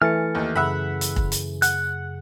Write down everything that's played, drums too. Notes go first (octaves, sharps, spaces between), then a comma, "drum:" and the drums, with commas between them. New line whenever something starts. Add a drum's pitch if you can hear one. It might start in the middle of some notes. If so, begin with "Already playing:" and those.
E3 A3 G#5 F6 A6 C#7
D#2
F#2 C#3 G#4 E5 F#5 B5
drum: hi-hat
drum: kick
drum: hi-hat
F#5 F#6, drum: hi-hat